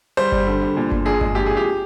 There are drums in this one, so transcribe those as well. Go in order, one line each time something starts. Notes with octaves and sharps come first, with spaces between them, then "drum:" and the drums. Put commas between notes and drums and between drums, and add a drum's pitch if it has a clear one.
G3 C5
G3, drum: kick G1
D3
D3
A#2
A#2, drum: kick G1
A#1 G#4
G#3, drum: kick G1
A#1 G4
A#2 G#4
G4